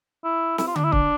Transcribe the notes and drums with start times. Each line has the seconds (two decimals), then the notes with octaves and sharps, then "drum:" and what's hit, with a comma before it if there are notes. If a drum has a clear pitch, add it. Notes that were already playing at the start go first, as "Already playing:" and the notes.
0.24 E4
0.58 E4, drum: snare
0.67 F4
0.76 D4, drum: tom D3
0.84 E4
0.92 D4, drum: kick